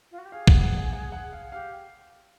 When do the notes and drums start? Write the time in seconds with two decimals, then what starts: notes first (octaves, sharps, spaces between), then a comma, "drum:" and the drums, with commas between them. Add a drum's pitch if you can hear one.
0.11 F4
0.18 F#4
0.25 G4
0.32 G#4 F5
0.47 F#5, drum: kick A1
0.62 F#5
0.77 F#5
0.93 F#5
1.12 F#5
1.33 F5
1.52 G4 F5